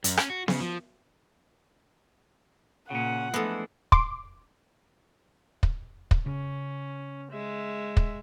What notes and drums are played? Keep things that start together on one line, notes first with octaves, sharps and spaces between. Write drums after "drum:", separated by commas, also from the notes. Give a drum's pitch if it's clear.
F#2, drum: hi-hat
C#4, drum: rim click
F#4
C#3, drum: snare B3
F3
A#2 C#3 C#4 F#5
E3 F3 G#3 A3 B3 D4 A4
C6 D6, drum: kick
drum: kick
drum: kick
C#3 C#4
G#3 E5
drum: kick